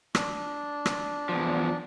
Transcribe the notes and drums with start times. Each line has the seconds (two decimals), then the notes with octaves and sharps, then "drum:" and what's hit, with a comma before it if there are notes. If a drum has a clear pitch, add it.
0.15 D4, drum: rim click
0.86 drum: rim click
1.29 E2 F3